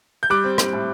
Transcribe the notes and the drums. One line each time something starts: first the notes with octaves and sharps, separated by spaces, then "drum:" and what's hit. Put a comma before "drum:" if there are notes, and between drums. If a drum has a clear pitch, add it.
G6
G3 D6 F#6
C4
G3, drum: rim click
A2